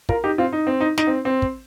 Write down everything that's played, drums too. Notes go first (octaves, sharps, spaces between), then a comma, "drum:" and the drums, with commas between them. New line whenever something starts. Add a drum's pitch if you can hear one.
F4 A#4, drum: kick
D#4 G4
C4 F4
D#4
C4
D#4
D#4, drum: snare
C4
C4
drum: kick